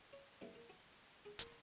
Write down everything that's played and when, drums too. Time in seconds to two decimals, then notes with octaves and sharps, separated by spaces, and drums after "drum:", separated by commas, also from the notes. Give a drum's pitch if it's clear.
0.13 C#5
0.41 G#2 F#3 A#3 C#4 E4 B4
0.55 A#4
0.70 F#4
1.25 G#4
1.39 A#4, drum: hi-hat